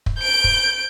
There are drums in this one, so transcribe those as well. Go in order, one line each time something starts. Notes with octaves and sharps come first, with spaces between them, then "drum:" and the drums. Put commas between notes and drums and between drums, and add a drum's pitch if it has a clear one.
drum: kick
G6 D7
drum: kick